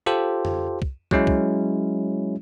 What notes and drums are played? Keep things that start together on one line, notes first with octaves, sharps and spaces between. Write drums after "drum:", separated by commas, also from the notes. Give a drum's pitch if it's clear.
F4 G4 A4 C5
drum: tom F2
drum: kick
F#3 G#3 C#4 E4, drum: kick
drum: kick